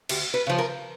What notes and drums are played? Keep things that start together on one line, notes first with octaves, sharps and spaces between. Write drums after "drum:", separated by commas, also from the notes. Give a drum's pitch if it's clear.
D2 G4, drum: cymbal
B4
C#3 F3
A#4